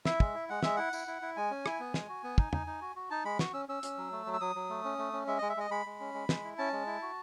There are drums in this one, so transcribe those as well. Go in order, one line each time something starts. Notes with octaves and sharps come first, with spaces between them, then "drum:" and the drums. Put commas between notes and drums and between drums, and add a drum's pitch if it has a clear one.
E4 E5, drum: snare
G#3, drum: kick
E4
G#3 F#5
G#3 E5, drum: snare
E4 F#5
E4, drum: tambourine
E4
E4
G#3 G#5
C#4
E4, drum: rim click
B3
G#3, drum: snare
F#4
B3
D#4, drum: kick
D#4, drum: tom
D#4
F#4
F#4
D#4 A5
G#3 B5
F#4 C#6, drum: snare
C#4 E6
C#4 E6
C#4, drum: hi-hat
F#3
A3
F#3
E6
F#3 D#6
F#3
A3
C#4
A3
C#4
G#3 E5
G#3 D#5
E5
G#3 D#5
G#3 B5
G#3
C#4
G#3
G#3, drum: snare
E4
C#4 A5
G#3
E4
F#4